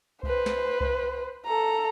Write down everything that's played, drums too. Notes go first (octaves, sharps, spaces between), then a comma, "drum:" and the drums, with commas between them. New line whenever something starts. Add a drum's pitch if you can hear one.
B4 C5, drum: kick C2
drum: snare
drum: kick C2
A4 A#5